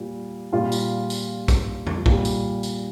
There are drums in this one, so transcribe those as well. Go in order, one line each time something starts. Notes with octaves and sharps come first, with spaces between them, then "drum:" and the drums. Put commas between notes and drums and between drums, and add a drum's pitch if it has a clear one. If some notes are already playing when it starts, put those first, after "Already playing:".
Already playing: A#2 G3
A#2 G3 F4
drum: tambourine
drum: tambourine
drum: kick, tambourine
drum: tom F2
A#2 G3, drum: kick
drum: tambourine
drum: tambourine